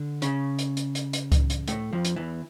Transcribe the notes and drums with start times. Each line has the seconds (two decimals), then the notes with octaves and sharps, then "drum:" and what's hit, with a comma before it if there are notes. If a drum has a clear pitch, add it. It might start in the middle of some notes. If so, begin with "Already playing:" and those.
Already playing: D3
0.22 C#3 C#4, drum: hi-hat
0.59 drum: hi-hat
0.77 drum: hi-hat
0.95 drum: hi-hat
1.13 drum: hi-hat
1.32 drum: kick C#2, hi-hat
1.50 drum: hi-hat
1.68 A2 A3, drum: hi-hat
1.93 F2 F3
2.05 drum: hi-hat
2.16 E2 E3